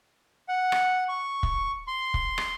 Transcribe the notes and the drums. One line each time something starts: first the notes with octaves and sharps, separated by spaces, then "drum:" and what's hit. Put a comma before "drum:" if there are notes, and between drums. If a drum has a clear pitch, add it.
F#5
drum: rim click
C#6
drum: kick
C6
drum: kick
drum: rim click